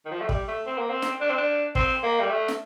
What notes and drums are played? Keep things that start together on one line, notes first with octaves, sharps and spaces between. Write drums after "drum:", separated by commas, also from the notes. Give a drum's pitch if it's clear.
D#3
F3
A3
G3, drum: kick
A3
C4
A#3
C4
drum: snare
D4
C4
D4
C4, drum: kick
A#3
G3
A3
drum: snare